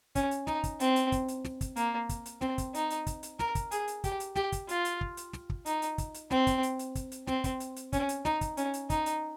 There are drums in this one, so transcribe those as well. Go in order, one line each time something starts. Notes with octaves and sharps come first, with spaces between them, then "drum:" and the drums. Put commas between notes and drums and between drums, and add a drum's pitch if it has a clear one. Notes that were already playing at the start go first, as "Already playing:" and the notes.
C#4, drum: kick, hi-hat
drum: hi-hat
D#4, drum: snare
drum: kick, hi-hat
C4, drum: hi-hat
drum: hi-hat
drum: kick, hi-hat
drum: hi-hat
drum: snare
drum: kick, hi-hat
A#3, drum: hi-hat
drum: kick, hi-hat
drum: hi-hat
C4, drum: snare
drum: kick, hi-hat
D#4, drum: hi-hat
drum: hi-hat
drum: kick, hi-hat
drum: hi-hat
A#4, drum: snare
drum: kick, hi-hat
G#4, drum: hi-hat
drum: hi-hat
G4, drum: kick, hi-hat
drum: hi-hat
G4, drum: snare
drum: kick, hi-hat
F4, drum: hi-hat
drum: hi-hat
drum: kick
drum: hi-hat
drum: snare
drum: kick
D#4, drum: hi-hat
drum: hi-hat
drum: kick, hi-hat
drum: hi-hat
C4, drum: snare
drum: kick, hi-hat
drum: hi-hat
drum: hi-hat
drum: kick, hi-hat
drum: hi-hat
C4, drum: snare
drum: kick, hi-hat
drum: hi-hat
drum: hi-hat
C#4, drum: kick, hi-hat
drum: hi-hat
D#4, drum: snare
drum: kick, hi-hat
C#4, drum: hi-hat
drum: hi-hat
D#4, drum: kick, hi-hat
drum: hi-hat